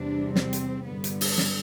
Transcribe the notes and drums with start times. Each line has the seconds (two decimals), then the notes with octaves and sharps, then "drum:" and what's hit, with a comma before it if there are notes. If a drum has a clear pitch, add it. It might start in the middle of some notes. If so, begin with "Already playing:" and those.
Already playing: E2 C3 G3 D4
0.36 C4, drum: snare
0.53 drum: hi-hat
0.86 G2 D3 G3 B3
1.04 drum: hi-hat
1.21 drum: open hi-hat
1.38 drum: snare